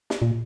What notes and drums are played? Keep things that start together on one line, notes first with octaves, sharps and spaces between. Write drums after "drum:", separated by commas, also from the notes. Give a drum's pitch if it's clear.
drum: snare
A#2